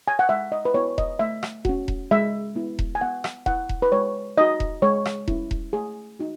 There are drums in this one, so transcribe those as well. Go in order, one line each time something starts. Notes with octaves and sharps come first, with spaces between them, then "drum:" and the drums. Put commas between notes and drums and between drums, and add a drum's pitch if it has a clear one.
G#5
F#5
G#3 E5
D#5
B4
B3 E4 C#5
D#5, drum: kick E1
A3 E5
drum: rim click
C#4 F#4, drum: kick E1
drum: kick E1
G#3 E5
B3 E4
drum: kick E1
G#5
B3 F#5
drum: rim click
E4 F#5, drum: kick E1
drum: kick E1
B4
G#3 C#5
D#4 F#4 D#5
drum: kick E1
G#3 C#5
drum: rim click
C#4 E4, drum: kick E1
drum: kick E1
A3 G#4
D#4 F#4